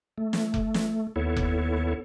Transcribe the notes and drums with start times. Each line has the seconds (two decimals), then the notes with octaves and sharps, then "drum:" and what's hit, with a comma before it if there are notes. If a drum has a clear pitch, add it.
0.18 A3
0.33 drum: snare
0.54 drum: kick F1
0.74 drum: snare
1.16 D#2 B3 E4 A4 C#5
1.36 drum: kick F1